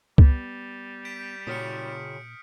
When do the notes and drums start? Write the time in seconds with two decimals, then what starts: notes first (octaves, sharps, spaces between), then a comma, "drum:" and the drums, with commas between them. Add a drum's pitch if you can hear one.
0.18 G3 B3, drum: kick
1.05 G6 B6 D7
1.47 A#2 C#3 F#4 C#5 D#6 F6 C#7